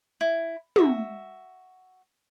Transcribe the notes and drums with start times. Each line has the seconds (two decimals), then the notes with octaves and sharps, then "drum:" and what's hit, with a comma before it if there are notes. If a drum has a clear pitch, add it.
0.21 E4
0.76 F#4 E5, drum: tom